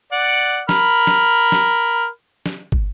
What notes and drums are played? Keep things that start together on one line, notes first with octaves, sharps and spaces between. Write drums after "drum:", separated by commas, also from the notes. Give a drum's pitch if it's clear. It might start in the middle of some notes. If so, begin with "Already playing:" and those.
D5 F#5
A#4 B5 F6, drum: snare
drum: snare
drum: snare
drum: snare
drum: kick